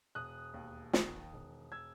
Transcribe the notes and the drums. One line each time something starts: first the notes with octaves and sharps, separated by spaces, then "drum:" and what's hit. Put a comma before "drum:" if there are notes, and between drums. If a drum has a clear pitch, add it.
E1 D#6 F#6
D#2
D#3, drum: snare
E1
E6 G#6